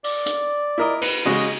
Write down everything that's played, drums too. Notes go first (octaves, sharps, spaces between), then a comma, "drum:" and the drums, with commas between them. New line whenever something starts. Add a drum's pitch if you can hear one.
D5, drum: open hi-hat
drum: hi-hat
E4 A#4 D#5
B4, drum: cymbal
C#3 G#3 F#4 D#5